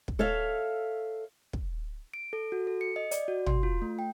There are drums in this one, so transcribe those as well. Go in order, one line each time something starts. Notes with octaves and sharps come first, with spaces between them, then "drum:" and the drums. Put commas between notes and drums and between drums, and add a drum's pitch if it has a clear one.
drum: kick
A4 C#5 E5 F5
drum: kick
D7
A4
F#4
A4
C#7
D#5
D5, drum: hi-hat
F#4
C6, drum: tom
F4
A3
G5